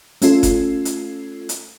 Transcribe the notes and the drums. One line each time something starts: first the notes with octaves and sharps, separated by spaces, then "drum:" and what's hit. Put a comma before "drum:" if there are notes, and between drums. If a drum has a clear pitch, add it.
A3 C#4 F4 A4, drum: hi-hat
drum: kick F#1, hi-hat
drum: hi-hat
drum: hi-hat